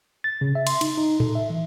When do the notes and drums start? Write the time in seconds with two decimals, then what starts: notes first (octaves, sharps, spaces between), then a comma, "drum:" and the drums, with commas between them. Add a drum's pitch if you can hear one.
0.24 A6
0.41 C#3
0.55 E5
0.67 C6, drum: cymbal
0.81 D#4, drum: cymbal
0.98 D#4
1.20 A4, drum: tom A2
1.35 E5
1.50 E3